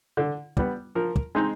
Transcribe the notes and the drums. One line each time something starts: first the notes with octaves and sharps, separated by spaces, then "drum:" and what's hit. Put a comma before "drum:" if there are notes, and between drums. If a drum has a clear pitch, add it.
D3
G3 B3, drum: kick
F3 A#4
drum: kick
G#3 C4 D#4